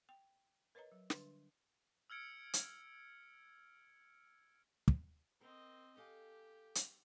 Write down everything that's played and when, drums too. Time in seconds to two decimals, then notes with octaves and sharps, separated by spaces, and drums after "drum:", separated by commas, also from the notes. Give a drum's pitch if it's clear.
0.09 G5
0.75 A#4 B4 C#5 D#5 A#5
0.92 F#3
1.10 D3 G3 D4 B4, drum: snare
2.10 E6 F6 G#6 C#7 D7
2.53 drum: hi-hat
4.88 drum: kick
5.41 C4 A#4 D#5
5.97 G4 A4 F5 G#5
6.75 drum: hi-hat